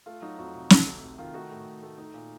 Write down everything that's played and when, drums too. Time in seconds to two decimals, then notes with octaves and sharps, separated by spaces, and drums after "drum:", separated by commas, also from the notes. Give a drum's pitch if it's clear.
0.06 A3 F4
0.22 F#3 D#4 F#4
0.38 F2 D#4 F#4
0.55 C3
0.70 C3, drum: snare
0.87 A3
1.02 C3
1.18 D#3 F4
1.34 A3 D#4 F#4
1.51 A2
1.66 A2
1.83 A3
1.98 A3 D#4
2.14 A#2